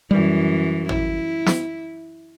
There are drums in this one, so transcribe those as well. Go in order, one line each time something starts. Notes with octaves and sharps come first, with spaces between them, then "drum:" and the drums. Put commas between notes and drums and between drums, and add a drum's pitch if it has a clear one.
F#2 E3 G3
E4, drum: tom
drum: snare